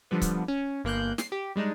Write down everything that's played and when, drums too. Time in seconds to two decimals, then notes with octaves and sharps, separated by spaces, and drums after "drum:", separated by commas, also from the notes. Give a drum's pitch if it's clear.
0.11 D3 F3 G3 B3
0.22 drum: kick C#1, hi-hat
0.48 C#4
0.84 G1 A#3 F#6 G6
1.18 C7, drum: snare
1.32 G4
1.56 G3 G#3 D4 D#4